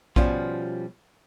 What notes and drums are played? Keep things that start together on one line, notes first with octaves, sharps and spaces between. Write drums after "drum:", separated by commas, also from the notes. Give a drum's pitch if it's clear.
B2 F3 G3 C#4 F4, drum: kick A#1